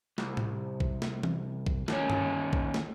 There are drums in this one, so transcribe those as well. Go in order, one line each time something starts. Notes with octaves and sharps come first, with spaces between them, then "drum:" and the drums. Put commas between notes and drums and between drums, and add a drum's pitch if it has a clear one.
C2, drum: snare
drum: tom A2
drum: kick
drum: snare
drum: tom E3
drum: kick
D#2 C#4, drum: snare
drum: tom G2
drum: kick
drum: snare